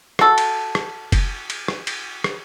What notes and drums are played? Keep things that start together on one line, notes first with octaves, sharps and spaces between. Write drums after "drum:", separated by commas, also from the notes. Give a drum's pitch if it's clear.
F#4 A4, drum: rim click
drum: cymbal
drum: rim click
drum: kick F1, cymbal
drum: cymbal
drum: rim click
drum: cymbal
drum: rim click